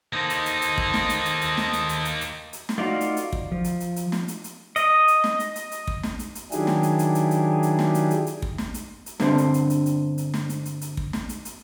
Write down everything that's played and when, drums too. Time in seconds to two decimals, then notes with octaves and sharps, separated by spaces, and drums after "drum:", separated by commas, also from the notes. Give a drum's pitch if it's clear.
0.13 A#3 D#4 A4 C5 D#5
0.30 drum: hi-hat
0.46 drum: hi-hat
0.62 drum: hi-hat
0.78 drum: kick
0.94 drum: snare
1.09 drum: hi-hat
1.25 drum: hi-hat
1.41 drum: hi-hat
1.57 drum: snare
1.73 drum: hi-hat
1.89 drum: hi-hat
2.05 drum: hi-hat
2.21 drum: hi-hat
2.53 drum: hi-hat
2.69 drum: snare
2.78 A3 D#4 F4 F#4 D5 F5
3.01 drum: hi-hat
3.17 drum: hi-hat
3.33 drum: kick
3.52 F3
3.64 drum: hi-hat
3.80 drum: hi-hat
3.96 drum: hi-hat
4.12 drum: snare
4.28 drum: hi-hat
4.44 drum: hi-hat
4.76 D#5, drum: hi-hat
5.08 drum: hi-hat
5.24 drum: snare
5.40 drum: hi-hat
5.56 drum: hi-hat
5.72 drum: hi-hat
5.87 drum: kick
6.03 drum: snare
6.19 drum: hi-hat
6.35 drum: hi-hat
6.52 D#3 F#3 D4 E4 G4 G#4, drum: hi-hat
6.67 drum: snare
6.83 drum: hi-hat
6.99 drum: hi-hat
7.15 drum: hi-hat
7.31 drum: hi-hat
7.63 drum: hi-hat
7.79 drum: snare
7.95 drum: hi-hat
8.11 drum: hi-hat
8.26 drum: hi-hat
8.42 drum: kick
8.58 drum: snare
8.74 drum: hi-hat
9.06 drum: hi-hat
9.20 G2 D3 C4, drum: snare
9.38 drum: hi-hat
9.54 drum: hi-hat
9.70 drum: hi-hat
9.86 drum: hi-hat
10.18 drum: hi-hat
10.34 drum: snare
10.50 drum: hi-hat
10.65 drum: hi-hat
10.81 drum: hi-hat
10.97 drum: kick
11.13 drum: snare
11.29 drum: hi-hat
11.45 drum: hi-hat